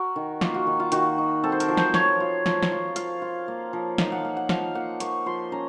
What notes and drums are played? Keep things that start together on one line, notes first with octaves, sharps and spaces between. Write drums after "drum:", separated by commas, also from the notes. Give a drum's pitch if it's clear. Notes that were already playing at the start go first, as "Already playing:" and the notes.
Already playing: F#4 A#4
D#3
A#3 F4, drum: snare
F#4
D#3
F4
D#3 F#4, drum: hi-hat
D#4
C4 A4
C5
A#4, drum: hi-hat
F3
C5, drum: snare
F4 C#5, drum: snare
F4
F3, drum: snare
drum: snare
F4
F4 F5, drum: hi-hat
F4
A#3
F3
D#4 F5, drum: snare
F#5
A#3
F#5
F3 F5, drum: snare
A#3 F#5
A#3 C#6, drum: hi-hat
F3 C6
C#4 A#5